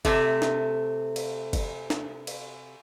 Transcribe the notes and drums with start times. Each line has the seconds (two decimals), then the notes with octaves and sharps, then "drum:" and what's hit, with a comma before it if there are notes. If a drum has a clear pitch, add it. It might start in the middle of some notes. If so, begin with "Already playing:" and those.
0.05 C3 A3, drum: kick F#1, cymbal
0.42 drum: snare
1.16 drum: cymbal
1.53 drum: kick F#1, cymbal
1.90 drum: snare
2.27 drum: cymbal